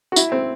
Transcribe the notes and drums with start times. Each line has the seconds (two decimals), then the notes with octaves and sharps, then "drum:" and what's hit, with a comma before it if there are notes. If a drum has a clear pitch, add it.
0.12 F#4
0.16 E4, drum: tambourine
0.32 C4